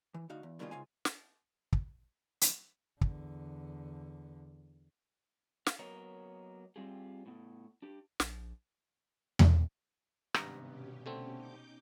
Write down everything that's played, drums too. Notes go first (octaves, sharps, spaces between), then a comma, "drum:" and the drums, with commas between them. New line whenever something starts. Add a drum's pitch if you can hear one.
E3
D2 D#4 F#4 F5
E2
B2 D#3 G3 A#3 C#4 F4
G#2 C#3 F4 G#5
drum: snare
drum: kick
drum: hi-hat
E2 D3, drum: kick
F5, drum: snare
F#3 A#3 B3 A#4 C#5 D#5
G3 C4 F4 G4 G#4
A2 B3
D4 G4
A#1, drum: snare
drum: tom E2
G#1 G2 C3 B3 A#5, drum: rim click
B2 C#4 G4
D3 A3 C4
D#4 D6 G6